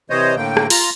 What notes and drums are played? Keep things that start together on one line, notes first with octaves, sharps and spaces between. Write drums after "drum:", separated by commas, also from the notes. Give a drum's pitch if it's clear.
C3 E3 C5 C#5 D#5
A2 D3 A#3 G5
drum: rim click
F4 A#5, drum: open hi-hat